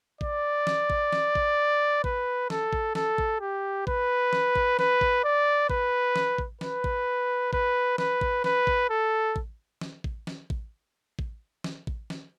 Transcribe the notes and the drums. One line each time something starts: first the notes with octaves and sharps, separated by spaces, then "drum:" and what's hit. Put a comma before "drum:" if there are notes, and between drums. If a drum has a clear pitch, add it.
D5, drum: kick A1
drum: snare
drum: kick A1
drum: snare
drum: kick A1
B4, drum: kick A1
A4, drum: snare
drum: kick A1
A4, drum: snare
drum: kick A1
G4
B4, drum: kick A1
drum: snare
drum: kick A1
B4, drum: snare
drum: kick A1
D5
B4, drum: kick A1
drum: snare
drum: kick A1
B4, drum: snare
drum: kick A1
B4, drum: kick A1
B4, drum: snare
drum: kick A1
B4, drum: snare
drum: kick A1
A4
drum: kick A1
drum: snare
drum: kick A1
drum: snare
drum: kick A1
drum: kick A1
drum: snare
drum: kick A1
drum: snare